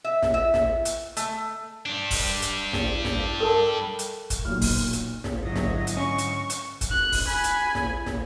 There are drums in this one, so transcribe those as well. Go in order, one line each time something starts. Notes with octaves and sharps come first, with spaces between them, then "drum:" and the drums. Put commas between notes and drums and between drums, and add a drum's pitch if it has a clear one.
E5
drum: snare
E5
drum: snare
drum: hi-hat
A3, drum: hi-hat
G3 D4
drum: kick, open hi-hat
drum: hi-hat
drum: snare
drum: snare
A4 A#4 A5
drum: hi-hat
drum: kick, hi-hat
B1 A#2 F6
drum: kick, open hi-hat
drum: hi-hat
drum: snare
G#2 D3 F#3 E4 D#5
drum: snare
drum: hi-hat
C#4 C#6
drum: hi-hat
drum: hi-hat
drum: kick, hi-hat
F#6
drum: kick, open hi-hat
G#5 B5
drum: hi-hat
drum: snare
drum: snare